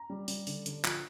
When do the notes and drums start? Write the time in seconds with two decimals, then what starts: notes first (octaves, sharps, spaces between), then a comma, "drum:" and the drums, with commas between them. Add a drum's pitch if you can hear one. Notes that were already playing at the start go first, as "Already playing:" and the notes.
Already playing: A#5
0.10 G3
0.28 G3, drum: open hi-hat
0.47 D3, drum: open hi-hat
0.66 D3, drum: hi-hat
0.84 F3, drum: clap